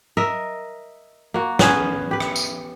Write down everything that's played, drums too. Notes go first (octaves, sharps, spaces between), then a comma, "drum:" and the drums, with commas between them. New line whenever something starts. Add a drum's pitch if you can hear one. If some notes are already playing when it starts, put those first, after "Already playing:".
A#4 D#5 E5
A#3 F#4
B3 C#4 G#4, drum: snare
G4 B4
drum: rim click
drum: tambourine